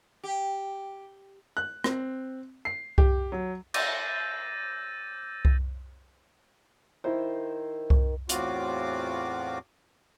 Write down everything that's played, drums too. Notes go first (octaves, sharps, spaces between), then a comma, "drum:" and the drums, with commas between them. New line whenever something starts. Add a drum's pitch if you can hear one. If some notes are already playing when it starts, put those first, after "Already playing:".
G4
F#6
C4, drum: rim click
C7
G4, drum: kick C2
F#3
D6 E6 G6 A6 A#6 D#7, drum: cymbal
drum: kick C2
D#3 E4 C5
drum: kick C2
E2 A2 C4 F4 F#4 D6, drum: hi-hat